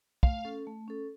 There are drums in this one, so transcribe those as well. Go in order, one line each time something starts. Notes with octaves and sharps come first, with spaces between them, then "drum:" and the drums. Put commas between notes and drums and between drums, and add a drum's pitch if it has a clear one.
A3 F5, drum: kick
C#4 A4
A3
C#4 A4